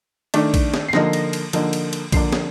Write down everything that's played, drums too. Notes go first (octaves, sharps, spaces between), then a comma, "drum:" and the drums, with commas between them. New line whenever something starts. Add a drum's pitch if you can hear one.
D#3 A3 D4, drum: cymbal
drum: kick A#1, cymbal
drum: snare
C7
D3 F3 A#3 D#4 A#6, drum: snare
drum: cymbal
drum: cymbal
D3 F3 A#3 D#4, drum: cymbal
drum: cymbal
drum: cymbal
D3 F3 A#3 D4 C7, drum: kick A#1, cymbal
drum: snare